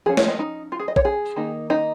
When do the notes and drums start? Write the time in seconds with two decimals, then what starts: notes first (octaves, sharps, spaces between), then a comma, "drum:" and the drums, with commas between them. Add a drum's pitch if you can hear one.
0.06 F3 C#4 G#4
0.17 C#5, drum: snare
0.28 D#5
0.39 D#4
0.72 F4
0.80 G#4
0.88 D#5
0.96 C#5, drum: kick
1.05 G#4
1.36 D#3 A#3 D#4
1.70 D#4